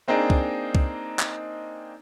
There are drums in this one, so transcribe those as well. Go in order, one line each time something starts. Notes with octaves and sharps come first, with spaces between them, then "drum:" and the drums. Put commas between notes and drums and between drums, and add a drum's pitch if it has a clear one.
A#3 C4 D4 D#4 G#4
drum: kick C#2
drum: kick C#2
drum: clap